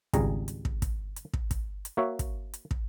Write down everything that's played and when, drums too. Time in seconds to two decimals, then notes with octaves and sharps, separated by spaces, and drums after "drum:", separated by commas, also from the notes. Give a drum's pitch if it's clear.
0.13 G#1 C#2 G3 G#4 A#5, drum: kick, hi-hat
0.48 drum: hi-hat
0.65 drum: kick
0.82 drum: kick, hi-hat
1.16 drum: hi-hat
1.33 drum: kick
1.51 drum: kick, hi-hat
1.85 drum: hi-hat
1.97 A#3 F#4 C#5 E5
2.19 drum: kick, hi-hat
2.54 drum: hi-hat
2.71 drum: kick